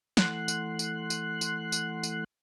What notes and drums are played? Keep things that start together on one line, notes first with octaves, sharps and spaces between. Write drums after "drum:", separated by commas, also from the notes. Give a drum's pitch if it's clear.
E3 A3 F#5 C6 F#6, drum: snare
drum: tambourine
drum: tambourine
drum: tambourine
drum: tambourine
drum: tambourine
drum: tambourine